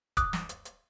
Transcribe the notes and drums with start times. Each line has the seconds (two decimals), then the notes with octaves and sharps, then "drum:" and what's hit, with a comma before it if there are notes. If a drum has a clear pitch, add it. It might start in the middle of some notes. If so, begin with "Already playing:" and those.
0.17 D6 D#6 F#6, drum: kick D1, hi-hat
0.33 drum: snare
0.49 drum: hi-hat
0.65 drum: hi-hat